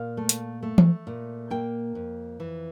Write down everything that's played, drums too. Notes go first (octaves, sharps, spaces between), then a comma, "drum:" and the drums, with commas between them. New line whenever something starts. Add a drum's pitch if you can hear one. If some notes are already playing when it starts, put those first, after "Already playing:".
Already playing: A#2 F5
A3
drum: hi-hat
A3
drum: tom E3
A#2
A#3 G5
F2
E3